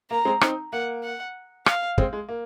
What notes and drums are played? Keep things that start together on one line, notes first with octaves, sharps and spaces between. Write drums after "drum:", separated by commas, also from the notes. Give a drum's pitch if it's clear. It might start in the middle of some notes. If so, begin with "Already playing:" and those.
A#3 A#5
G#3 C4
C4 D#4, drum: rim click
A#3 F#5
F#5
F5, drum: rim click
G#3 C4, drum: kick
G#3
A#3